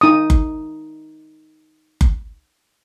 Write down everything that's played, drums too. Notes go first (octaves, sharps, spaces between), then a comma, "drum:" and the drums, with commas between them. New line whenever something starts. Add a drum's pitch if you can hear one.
D#4 D#6
drum: kick F#1
drum: kick F#1